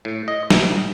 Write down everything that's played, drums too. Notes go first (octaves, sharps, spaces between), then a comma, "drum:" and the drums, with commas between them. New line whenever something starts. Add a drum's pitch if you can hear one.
A2
D#5
A#1, drum: snare